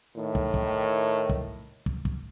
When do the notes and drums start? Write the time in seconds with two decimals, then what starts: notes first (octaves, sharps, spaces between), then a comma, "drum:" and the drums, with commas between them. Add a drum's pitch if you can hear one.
0.16 A2 D#3
0.35 drum: kick
0.54 drum: kick
1.29 drum: kick
1.86 drum: kick
2.05 drum: kick